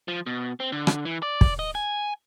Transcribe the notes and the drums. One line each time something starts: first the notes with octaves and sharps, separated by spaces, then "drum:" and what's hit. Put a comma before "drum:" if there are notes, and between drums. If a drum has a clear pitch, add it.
F3
B2
C4
D3
drum: rim click
E3
D5
drum: kick
D#5
G#5